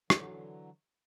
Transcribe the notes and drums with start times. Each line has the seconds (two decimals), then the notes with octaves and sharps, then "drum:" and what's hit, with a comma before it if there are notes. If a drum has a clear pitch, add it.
0.10 D3 E3 F#3, drum: rim click